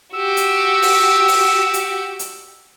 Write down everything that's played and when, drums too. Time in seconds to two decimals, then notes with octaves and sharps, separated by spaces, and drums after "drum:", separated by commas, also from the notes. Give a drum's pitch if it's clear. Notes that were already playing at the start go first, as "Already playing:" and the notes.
0.14 F#4 G4 E6
0.37 drum: hi-hat
0.82 drum: open hi-hat
1.28 drum: open hi-hat
1.74 drum: hi-hat
2.19 drum: hi-hat